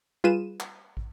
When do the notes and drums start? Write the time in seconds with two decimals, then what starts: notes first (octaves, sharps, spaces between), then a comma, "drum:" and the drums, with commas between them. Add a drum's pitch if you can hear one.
0.24 G3 F4 G#4 B4 D#7 E7
0.60 drum: clap
0.97 drum: kick